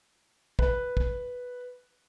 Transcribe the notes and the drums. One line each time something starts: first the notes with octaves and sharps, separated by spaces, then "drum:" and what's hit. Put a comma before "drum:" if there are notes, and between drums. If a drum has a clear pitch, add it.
B4, drum: kick
drum: kick